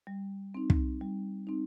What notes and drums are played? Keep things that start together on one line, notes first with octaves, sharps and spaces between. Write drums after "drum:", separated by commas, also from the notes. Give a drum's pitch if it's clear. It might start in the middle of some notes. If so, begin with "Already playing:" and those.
G3
C4 D#4
drum: kick
G3
C4 D#4